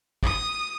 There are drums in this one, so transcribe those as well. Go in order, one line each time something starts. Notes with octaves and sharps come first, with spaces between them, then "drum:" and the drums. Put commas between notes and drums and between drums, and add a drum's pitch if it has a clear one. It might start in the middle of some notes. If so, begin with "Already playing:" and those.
D#6, drum: kick